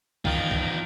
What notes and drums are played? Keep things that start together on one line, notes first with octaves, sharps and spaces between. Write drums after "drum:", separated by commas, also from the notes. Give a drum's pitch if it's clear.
E2 D#3 F4, drum: kick C2
drum: kick C2